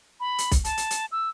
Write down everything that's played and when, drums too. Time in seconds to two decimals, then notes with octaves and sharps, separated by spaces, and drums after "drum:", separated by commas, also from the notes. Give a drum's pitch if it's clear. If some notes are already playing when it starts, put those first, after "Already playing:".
0.20 B5
0.38 drum: hi-hat
0.51 drum: kick B1, hi-hat
0.64 A5, drum: hi-hat
0.77 drum: hi-hat
0.91 drum: hi-hat
1.12 E6